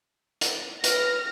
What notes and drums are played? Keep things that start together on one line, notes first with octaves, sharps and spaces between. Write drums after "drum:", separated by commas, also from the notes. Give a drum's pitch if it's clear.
drum: hi-hat
B4 F6 A#6, drum: hi-hat